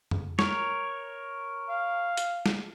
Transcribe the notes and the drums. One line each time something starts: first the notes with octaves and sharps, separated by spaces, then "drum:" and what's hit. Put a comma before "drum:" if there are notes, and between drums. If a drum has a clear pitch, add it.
drum: tom F2
A#4 C#5, drum: snare
F5
drum: hi-hat
drum: snare